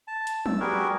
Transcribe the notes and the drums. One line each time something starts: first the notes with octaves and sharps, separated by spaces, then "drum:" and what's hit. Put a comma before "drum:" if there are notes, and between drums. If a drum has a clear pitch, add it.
A5
drum: hi-hat
E6, drum: tom
G3 F#4 G#4 A#4 B4